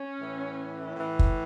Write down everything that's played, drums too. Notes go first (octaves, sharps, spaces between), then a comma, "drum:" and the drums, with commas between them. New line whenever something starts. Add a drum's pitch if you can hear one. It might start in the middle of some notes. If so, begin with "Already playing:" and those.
Already playing: C#4
A2 E3
A2 E3
drum: kick